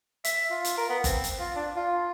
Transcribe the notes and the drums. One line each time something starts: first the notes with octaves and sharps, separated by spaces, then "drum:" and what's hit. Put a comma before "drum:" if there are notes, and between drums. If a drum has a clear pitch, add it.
E5, drum: hi-hat
F4
drum: hi-hat
A#4
B3
C4, drum: kick G1, hi-hat
drum: hi-hat
F4
D4
F4